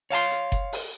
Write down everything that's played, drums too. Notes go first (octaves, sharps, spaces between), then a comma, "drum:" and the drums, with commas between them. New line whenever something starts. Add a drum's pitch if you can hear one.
C#5 F5 A5 C6, drum: hi-hat
drum: hi-hat
drum: kick F#1, hi-hat
drum: open hi-hat